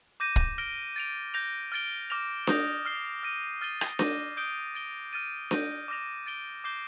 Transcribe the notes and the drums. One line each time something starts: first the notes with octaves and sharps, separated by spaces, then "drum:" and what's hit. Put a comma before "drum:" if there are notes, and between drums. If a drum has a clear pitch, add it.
D6 G6 A#6 D#7
drum: kick
F6 A#6 D7 G7
A6 D7 F7
G6 A#6 F7
F6 A6 D7 G7
D6 F6 A#6 F7
D#6 G6 A#6 F7, drum: snare D4
F6 C7 G7
F6 A#6 D#7
F6 A6 D#7 G7
drum: rim click
D6 G6 A#6 D#7 G7, drum: snare D4
D#6 G6 D7 G7
A6 D7 G7
F6 A6 D#7
G6 A#6 D#7, drum: snare D4
D6 F6 A#6 F7
A6 D7 G7
D6 G6 C7 G7